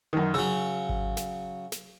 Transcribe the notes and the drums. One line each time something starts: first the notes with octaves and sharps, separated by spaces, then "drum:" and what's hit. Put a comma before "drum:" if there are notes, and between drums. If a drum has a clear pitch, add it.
F#2 D#3
C#3 F#3 E6
drum: kick G#1
drum: snare
drum: snare